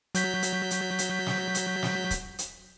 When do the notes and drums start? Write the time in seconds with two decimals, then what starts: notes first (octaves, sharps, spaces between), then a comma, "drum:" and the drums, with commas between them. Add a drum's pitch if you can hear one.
0.15 F#3 G6 B6, drum: hi-hat
0.43 drum: hi-hat
0.71 drum: hi-hat
0.99 drum: hi-hat
1.27 drum: snare
1.55 drum: hi-hat
1.83 drum: snare
2.11 drum: kick, hi-hat
2.39 drum: hi-hat